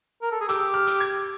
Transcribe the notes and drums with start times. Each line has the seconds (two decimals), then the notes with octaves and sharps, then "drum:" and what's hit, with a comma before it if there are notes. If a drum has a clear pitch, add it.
0.22 A#4
0.32 A4
0.40 G#4
0.49 G4 E6, drum: hi-hat
0.74 F6
0.87 drum: hi-hat
1.00 G#6